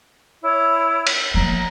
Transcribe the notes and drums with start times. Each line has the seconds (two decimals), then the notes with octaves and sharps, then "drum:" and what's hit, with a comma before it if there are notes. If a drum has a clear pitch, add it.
0.43 E4 C#5
1.07 drum: cymbal
1.34 F3 A#3 A#5